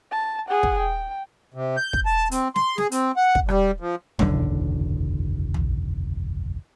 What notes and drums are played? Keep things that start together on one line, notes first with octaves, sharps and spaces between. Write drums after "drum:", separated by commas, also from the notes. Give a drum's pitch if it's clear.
A5
G#4 F#5
drum: kick
G5
C3
G6
drum: kick
A5
C4, drum: hi-hat
C6, drum: snare
G#4, drum: snare
C4, drum: hi-hat
F#5
drum: kick
G3, drum: rim click
F3
F#1 B1 E2 D3, drum: tom
drum: tom